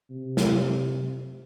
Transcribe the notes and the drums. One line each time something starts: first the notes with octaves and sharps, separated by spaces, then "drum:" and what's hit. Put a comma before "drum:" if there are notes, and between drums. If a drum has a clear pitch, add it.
C3
drum: snare